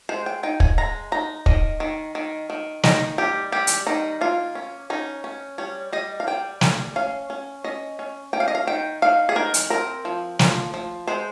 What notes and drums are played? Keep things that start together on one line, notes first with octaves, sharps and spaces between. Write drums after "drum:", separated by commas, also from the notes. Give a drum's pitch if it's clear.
G#3 C5
G5
D#4 G5
G#5, drum: kick
G#3 A#5
D#4 A#5
D#3 D#5, drum: kick
D#3
D#3
D#3
D#3 D#5, drum: snare
G3 G4
G3 G4
drum: hi-hat
D#3 D#4
A#3 F4
C#4
C#4 D#4
C#4
G3 C#5
G3 D#5
F5
G3 G5
G3 G#5, drum: snare
C#4 F5
C#4
C#4 D#5
C#4
C#4 G5
F5
D#5
F5
D#3 G5
D#3 F5
G#4
D#3 A#4
drum: hi-hat
C4 A#4
F3
F3, drum: snare
F3
G#3 C5